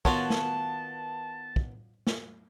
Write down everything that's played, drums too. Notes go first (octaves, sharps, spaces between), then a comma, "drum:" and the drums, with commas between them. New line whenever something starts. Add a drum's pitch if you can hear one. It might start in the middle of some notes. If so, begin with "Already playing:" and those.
D#3 B3 F4 F#4 B4 C#5 A5, drum: kick
drum: snare
drum: kick
drum: snare